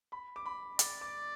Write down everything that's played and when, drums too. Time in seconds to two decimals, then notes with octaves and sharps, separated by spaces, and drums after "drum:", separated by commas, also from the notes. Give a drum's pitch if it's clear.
0.12 B5
0.36 D6
0.46 B5
0.79 D5 D6, drum: hi-hat
1.01 D6